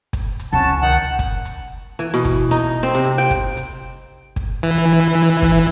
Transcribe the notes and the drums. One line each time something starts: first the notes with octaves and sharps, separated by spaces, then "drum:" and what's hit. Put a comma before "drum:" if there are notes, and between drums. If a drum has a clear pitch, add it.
drum: kick, hi-hat
drum: hi-hat
C#2 C#3 C#4 F#5 A5
D#3 D#4 F#5
drum: hi-hat
drum: kick, hi-hat
drum: hi-hat
E3
B2
drum: kick, hi-hat
D#4, drum: hi-hat
C4
C3
drum: hi-hat
G5
drum: kick, hi-hat
drum: hi-hat
drum: kick
E3, drum: hi-hat
drum: hi-hat
drum: kick, hi-hat